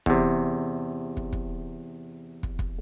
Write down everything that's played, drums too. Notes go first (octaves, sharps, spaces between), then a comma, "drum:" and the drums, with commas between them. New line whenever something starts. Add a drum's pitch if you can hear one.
E2 C3, drum: kick
drum: kick
drum: kick
drum: kick
drum: kick